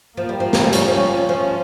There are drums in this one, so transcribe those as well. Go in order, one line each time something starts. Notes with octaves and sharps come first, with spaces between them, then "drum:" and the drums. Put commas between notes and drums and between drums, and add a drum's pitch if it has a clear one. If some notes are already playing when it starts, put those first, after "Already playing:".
F3 A#3
G3
F3
G3, drum: snare
F3
G3 C#4, drum: hi-hat
F3
F3 C#4